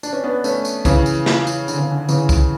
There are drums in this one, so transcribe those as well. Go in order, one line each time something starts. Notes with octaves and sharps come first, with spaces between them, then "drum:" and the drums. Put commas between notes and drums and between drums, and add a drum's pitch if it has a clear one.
D4, drum: tambourine
C#4
B3 D4
A3 C#4, drum: tambourine
drum: tambourine
C#3 E3, drum: kick, tambourine
drum: tambourine
drum: snare
drum: tambourine
D3, drum: tambourine
C#3
D3
C#3 E3, drum: tambourine
drum: kick, tambourine